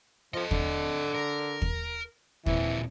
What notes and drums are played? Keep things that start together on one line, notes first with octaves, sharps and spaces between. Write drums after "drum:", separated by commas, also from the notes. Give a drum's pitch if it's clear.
F3 A4 D#5
D3, drum: kick
A#4
drum: kick
A#2 E3 C4, drum: kick